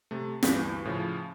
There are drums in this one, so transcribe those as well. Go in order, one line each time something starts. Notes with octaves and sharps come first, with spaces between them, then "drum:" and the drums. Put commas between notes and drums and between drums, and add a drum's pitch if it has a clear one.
C3 A3
D2 G2 E3 B6, drum: snare
A2 C#3 F3